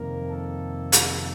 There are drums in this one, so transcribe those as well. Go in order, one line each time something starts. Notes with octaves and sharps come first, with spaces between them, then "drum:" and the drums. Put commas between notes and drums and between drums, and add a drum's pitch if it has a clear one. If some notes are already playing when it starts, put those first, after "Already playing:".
Already playing: F2 C3 D#3 A#3 A#4
A4
drum: hi-hat